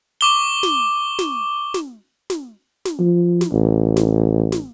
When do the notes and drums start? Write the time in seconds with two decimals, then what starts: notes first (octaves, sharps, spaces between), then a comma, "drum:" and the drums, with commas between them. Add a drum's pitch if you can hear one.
0.21 C#6 D6 G7
0.63 drum: snare
1.19 drum: snare
1.74 drum: snare
2.30 drum: snare
2.85 drum: snare
2.99 F3
3.41 drum: snare
3.52 A1
3.97 drum: snare
4.52 drum: snare